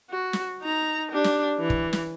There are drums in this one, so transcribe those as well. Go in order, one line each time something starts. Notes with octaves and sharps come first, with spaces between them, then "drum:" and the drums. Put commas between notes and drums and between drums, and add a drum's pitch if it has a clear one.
F#4
drum: snare
D#4 A#5
D4 G4
drum: snare
E3
drum: kick
drum: snare